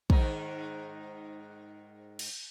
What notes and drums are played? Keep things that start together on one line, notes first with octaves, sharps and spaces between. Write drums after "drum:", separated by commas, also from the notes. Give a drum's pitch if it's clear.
G#2 D#3 D#4, drum: kick
drum: cymbal